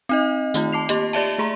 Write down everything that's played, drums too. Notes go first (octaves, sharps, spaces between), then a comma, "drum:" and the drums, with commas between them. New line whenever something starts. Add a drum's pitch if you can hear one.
C4 D#4 D#5
D#3 A3 D#4 F4, drum: tambourine
A5 D6 C7 F7
A#3 G4 D#5, drum: hi-hat
G4 D5 E5 A5, drum: cymbal
A3 G#4 A#5 C6